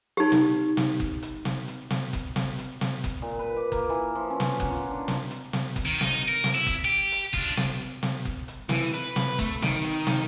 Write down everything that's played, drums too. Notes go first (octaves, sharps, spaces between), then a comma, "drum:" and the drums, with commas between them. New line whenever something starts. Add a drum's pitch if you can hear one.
D#4 G4
drum: snare
drum: snare
drum: kick F#1
drum: hi-hat
drum: snare
drum: hi-hat
drum: snare
drum: kick F#1, hi-hat
drum: snare
drum: hi-hat
drum: snare
drum: kick F#1, hi-hat
A#2
B4
D6
A#3, drum: kick F#1
E3
F3
C#4
drum: snare
F#5, drum: kick F#1
F4
D4
drum: snare
drum: hi-hat
drum: snare
drum: kick F#1, hi-hat
D#3
D#4, drum: snare
A#4
drum: snare
E4
drum: kick F#1
G4
drum: hi-hat
D4 F4, drum: kick F#1
drum: snare
drum: snare
drum: kick F#1
drum: hi-hat
E3, drum: snare
B4, drum: hi-hat
drum: snare
A3, drum: kick F#1, hi-hat
D#3, drum: snare
drum: hi-hat
drum: snare